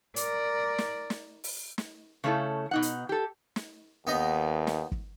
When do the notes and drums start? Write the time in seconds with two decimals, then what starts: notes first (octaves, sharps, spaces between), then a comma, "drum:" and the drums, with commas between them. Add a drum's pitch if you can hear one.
0.16 A#4 D5, drum: hi-hat
0.78 drum: snare
1.10 drum: snare
1.44 drum: open hi-hat
1.78 drum: snare
2.24 C#3 A3 C#4 E4 A4
2.71 B2 D#4 F#5
2.82 drum: hi-hat
3.09 G4 A4
3.56 drum: snare
4.07 D#2 B3 D#4 D#5
4.67 drum: snare
4.92 drum: kick